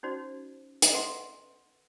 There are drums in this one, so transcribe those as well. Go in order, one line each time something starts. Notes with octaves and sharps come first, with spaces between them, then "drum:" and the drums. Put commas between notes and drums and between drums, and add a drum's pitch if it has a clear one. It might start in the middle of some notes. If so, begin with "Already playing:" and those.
C#4 D#4 F#4 C5 D5
drum: hi-hat
A4 B4 F#5 C6